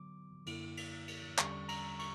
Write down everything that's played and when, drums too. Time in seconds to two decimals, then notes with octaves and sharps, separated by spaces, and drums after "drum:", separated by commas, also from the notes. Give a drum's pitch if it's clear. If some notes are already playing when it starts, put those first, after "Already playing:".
Already playing: D3 F#3 B3 D6
0.46 F#2 D3 A#3 E4, drum: cymbal
0.77 drum: cymbal
1.08 drum: cymbal
1.38 E2 D3 G3 C#4 C#6, drum: clap
1.69 A#5, drum: cymbal
1.99 C#6, drum: cymbal